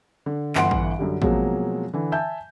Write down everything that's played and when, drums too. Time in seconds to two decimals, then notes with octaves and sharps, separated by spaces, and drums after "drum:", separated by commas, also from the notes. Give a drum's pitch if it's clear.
0.26 D3
0.55 G1 D3 E3 F#5 C6 D7, drum: clap
0.71 drum: kick A1
0.99 F#2 D3 G3
1.22 B2 F3 F#3 G#3 A#3 C4, drum: kick A1
1.93 D3 E3
2.12 E5 G#5 A5 G6